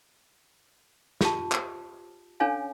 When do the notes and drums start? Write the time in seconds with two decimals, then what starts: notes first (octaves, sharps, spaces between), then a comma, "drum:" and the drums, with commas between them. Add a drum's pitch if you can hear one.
1.21 F4 G4 A5, drum: snare
1.52 drum: clap
2.40 C#4 D4 A4 C#5 F5 G#5